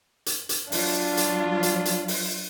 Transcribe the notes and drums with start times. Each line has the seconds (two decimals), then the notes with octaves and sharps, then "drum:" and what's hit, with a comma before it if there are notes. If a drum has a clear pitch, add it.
0.26 drum: hi-hat
0.49 drum: hi-hat
0.72 F#3 D4 F4, drum: open hi-hat
1.17 drum: hi-hat
1.63 drum: hi-hat
1.85 drum: hi-hat
2.08 drum: open hi-hat